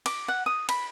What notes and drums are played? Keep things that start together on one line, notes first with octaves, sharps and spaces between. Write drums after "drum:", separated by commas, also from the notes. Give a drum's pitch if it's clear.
D6, drum: cymbal
F#5
D#6
B5, drum: cymbal